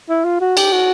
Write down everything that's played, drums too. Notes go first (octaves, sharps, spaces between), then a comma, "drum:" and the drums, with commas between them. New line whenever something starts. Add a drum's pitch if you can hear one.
E4
F4
F#4
G4, drum: cymbal
F#4